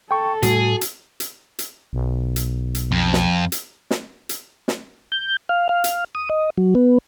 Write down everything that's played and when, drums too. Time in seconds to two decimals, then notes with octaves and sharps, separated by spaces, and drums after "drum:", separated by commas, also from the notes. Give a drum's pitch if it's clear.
0.11 A4 G5 C#6
0.43 A2 G3 A3 F#4 G#4, drum: hi-hat
0.81 drum: hi-hat
1.20 drum: hi-hat
1.59 drum: hi-hat
1.93 B1
2.36 drum: hi-hat
2.75 drum: hi-hat
2.92 F2
3.13 drum: snare
3.52 drum: hi-hat
3.91 drum: snare
4.29 drum: hi-hat
4.68 drum: snare
5.12 G6
5.49 F5
5.69 F5
5.84 drum: hi-hat
6.15 D#6
6.30 D#5
6.57 F#3
6.75 B3